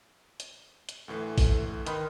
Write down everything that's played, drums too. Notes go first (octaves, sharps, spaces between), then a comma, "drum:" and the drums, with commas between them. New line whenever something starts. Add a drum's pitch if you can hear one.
drum: hi-hat
drum: hi-hat
D2 A2 E3 A4
drum: kick A1, open hi-hat
D#3 B4 B5 C6, drum: hi-hat